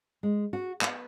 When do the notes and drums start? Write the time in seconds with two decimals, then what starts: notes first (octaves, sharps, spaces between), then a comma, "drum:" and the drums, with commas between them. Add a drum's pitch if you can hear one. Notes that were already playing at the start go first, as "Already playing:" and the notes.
0.23 G#3
0.53 F#4
0.81 B3, drum: clap